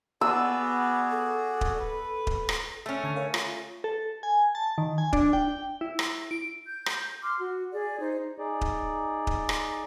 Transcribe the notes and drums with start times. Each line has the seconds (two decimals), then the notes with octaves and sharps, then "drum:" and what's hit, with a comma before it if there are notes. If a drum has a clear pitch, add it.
0.21 B3 F#4 G#4 D5 E6
1.11 A4
1.61 drum: kick D#1
1.78 B4
2.27 drum: kick D#1
2.49 drum: rim click
2.86 A3 C#4 E6 F6
3.04 D3 A5 G#6
3.16 A#4 C#5 F5
3.34 F4, drum: rim click
3.84 A4
4.23 G#5
4.55 A5
4.78 D#3
4.98 G#5
5.13 D4, drum: kick D#1
5.33 G5
5.81 E4
5.99 drum: rim click
6.31 D7
6.66 G6
6.86 drum: rim click
7.21 C6 D6 F6
7.39 F#4
7.73 G#4 D5
8.00 D#4 C5
8.38 D#4 G#4 D5
8.61 drum: kick D#1
9.27 drum: kick D#1
9.49 drum: rim click